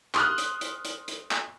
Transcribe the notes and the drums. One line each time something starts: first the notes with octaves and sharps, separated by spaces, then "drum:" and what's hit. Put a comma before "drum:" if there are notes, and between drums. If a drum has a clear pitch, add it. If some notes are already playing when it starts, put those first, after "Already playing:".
C6 D#6 F6 F#6, drum: clap
drum: hi-hat
drum: hi-hat
drum: hi-hat
drum: hi-hat
drum: clap